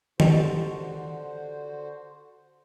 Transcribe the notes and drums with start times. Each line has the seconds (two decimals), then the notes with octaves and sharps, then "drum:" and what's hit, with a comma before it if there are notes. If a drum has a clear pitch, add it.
0.20 D3 F#4 G4 C5 D#5 G5, drum: tom